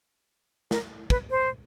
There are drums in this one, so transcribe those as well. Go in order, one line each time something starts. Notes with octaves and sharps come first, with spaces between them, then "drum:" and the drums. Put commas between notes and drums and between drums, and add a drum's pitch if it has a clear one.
A#4, drum: snare
B4, drum: kick
C5